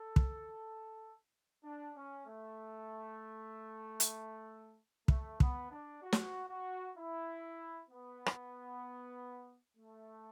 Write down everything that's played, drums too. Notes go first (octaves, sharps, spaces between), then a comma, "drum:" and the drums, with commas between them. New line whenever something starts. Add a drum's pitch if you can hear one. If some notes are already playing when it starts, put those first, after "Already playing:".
Already playing: A4
drum: kick
D4
C#4
A3
drum: hi-hat
A3, drum: kick
B3, drum: kick
D4
F#4
drum: snare
F#4
E4
B3
drum: rim click
A3